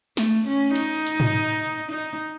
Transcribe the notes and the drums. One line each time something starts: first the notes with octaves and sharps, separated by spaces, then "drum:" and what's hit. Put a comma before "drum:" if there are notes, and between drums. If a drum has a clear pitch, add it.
A3, drum: snare
C#4
D#4, drum: cymbal
drum: hi-hat
drum: tom G#2
D#4